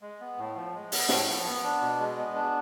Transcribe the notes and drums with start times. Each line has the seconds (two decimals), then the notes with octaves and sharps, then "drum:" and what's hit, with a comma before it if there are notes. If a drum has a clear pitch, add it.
0.02 G#3
0.20 B3
0.38 A2
0.56 F3
0.74 G#3
0.92 B3, drum: open hi-hat
1.09 A2, drum: snare
1.27 F3
1.45 B3
1.64 D4
1.81 B2
1.99 G#3
2.18 B3
2.35 D4